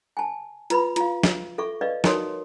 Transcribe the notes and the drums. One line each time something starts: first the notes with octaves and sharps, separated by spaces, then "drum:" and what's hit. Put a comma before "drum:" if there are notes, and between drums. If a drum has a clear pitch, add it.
G#5 A5
F4 B4 B5, drum: hi-hat
F4 F5, drum: hi-hat
drum: snare
A4 E5 C#6
B4 D5 D#5 F5
D#4 F#4 A#4 C#5 C6 D#6, drum: snare